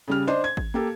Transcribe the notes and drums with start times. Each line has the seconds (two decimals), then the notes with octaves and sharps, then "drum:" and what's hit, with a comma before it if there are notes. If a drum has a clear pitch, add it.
0.08 C#3 G3 F6
0.27 D4 C5 D#5 C6
0.44 G#6
0.57 drum: kick G#1
0.74 A#3 G4 A4